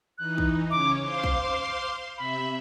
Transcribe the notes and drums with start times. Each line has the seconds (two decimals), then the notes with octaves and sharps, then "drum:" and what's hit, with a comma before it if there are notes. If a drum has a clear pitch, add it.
0.18 E3 D#4 F#6
0.38 drum: kick
0.71 C#3 C#4 C#5 D6
1.02 C5 F5 C6 D6
1.24 drum: kick
2.18 C3 E5 B5